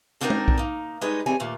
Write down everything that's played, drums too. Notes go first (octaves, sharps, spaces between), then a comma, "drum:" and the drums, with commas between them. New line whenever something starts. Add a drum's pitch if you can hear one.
D3 C4 D4 D#4 F#4 A#4
drum: tom
drum: kick B1
A#3 D#4
G3 G#3 D#4 B4 C#5 D#5
E3 G3 G#3 C4 C#5 G#5
D#2 A#2 A3